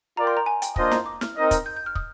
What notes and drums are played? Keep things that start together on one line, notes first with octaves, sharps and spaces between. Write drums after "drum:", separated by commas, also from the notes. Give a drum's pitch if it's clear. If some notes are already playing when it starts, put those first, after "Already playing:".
F4 A#4 D5 G5 A#5
C6
A#5
G#5
G5, drum: hi-hat
A#3 D4 F4 C5 D#5, drum: kick
A#5, drum: snare
D6
F6, drum: snare
C4 D#4 A#4 D#5
drum: kick, hi-hat
G6
G6
F6
D#6, drum: kick